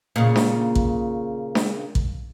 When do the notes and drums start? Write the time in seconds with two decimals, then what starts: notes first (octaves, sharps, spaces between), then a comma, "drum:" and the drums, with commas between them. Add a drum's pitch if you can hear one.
0.16 A#2 C#3
0.36 drum: snare D4
0.75 drum: kick
1.55 drum: snare D4
1.95 drum: kick